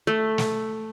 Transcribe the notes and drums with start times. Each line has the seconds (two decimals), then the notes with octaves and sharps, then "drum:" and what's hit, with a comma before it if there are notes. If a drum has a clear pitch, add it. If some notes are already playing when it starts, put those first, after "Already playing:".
0.07 A3
0.38 drum: snare